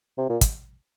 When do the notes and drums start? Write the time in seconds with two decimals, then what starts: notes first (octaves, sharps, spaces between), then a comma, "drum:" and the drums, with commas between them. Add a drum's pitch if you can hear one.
0.18 C3
0.29 A#2
0.41 drum: kick, hi-hat